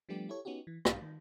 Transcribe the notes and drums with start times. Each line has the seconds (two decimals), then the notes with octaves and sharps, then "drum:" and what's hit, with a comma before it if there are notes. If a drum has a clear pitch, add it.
0.09 F3 G3 A3 B3 D4 G4
0.29 E4 G4 A4 C#5
0.45 B3 C#4 D#4 F#4 G4
0.67 E3
0.85 B1 G#2 G4 F5 G5 A6, drum: rim click
1.02 D#3